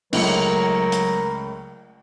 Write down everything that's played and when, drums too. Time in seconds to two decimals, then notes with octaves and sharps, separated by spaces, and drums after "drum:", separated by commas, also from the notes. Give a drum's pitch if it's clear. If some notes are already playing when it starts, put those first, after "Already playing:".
0.13 C#2 F#3 A3 A#4 C#7, drum: cymbal
0.92 drum: hi-hat